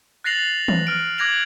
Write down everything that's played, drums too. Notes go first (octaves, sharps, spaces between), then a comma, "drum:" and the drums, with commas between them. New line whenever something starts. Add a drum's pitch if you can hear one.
F#6 A6 A#6 C7 F7 F#7
drum: tom E3
F6 D7
D6 F#6 G#6 A#6 F7 F#7